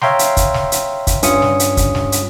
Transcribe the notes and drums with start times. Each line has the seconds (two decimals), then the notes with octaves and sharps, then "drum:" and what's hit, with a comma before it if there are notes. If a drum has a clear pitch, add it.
0.02 C#5 E5 F5 G5 A#5 C6, drum: snare
0.19 drum: hi-hat
0.37 drum: kick, hi-hat
0.54 drum: snare
0.72 drum: hi-hat
1.07 drum: kick, hi-hat
1.23 G2 C#4 F4 D#6 C#7, drum: hi-hat
1.42 drum: snare
1.60 drum: hi-hat
1.77 drum: kick, hi-hat
1.95 drum: snare
2.12 drum: hi-hat